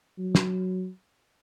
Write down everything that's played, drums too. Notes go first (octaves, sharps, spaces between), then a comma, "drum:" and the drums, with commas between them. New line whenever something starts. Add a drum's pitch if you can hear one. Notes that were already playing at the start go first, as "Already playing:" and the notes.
F#3
drum: snare